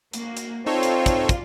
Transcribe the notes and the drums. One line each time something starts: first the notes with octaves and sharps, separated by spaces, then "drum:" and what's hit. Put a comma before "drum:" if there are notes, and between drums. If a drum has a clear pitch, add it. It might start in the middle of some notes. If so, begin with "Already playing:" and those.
A#3 F#4, drum: hi-hat
drum: hi-hat
C4 D#4 F4 A4 C#5 D5 F5
drum: hi-hat
drum: kick, hi-hat
drum: kick, hi-hat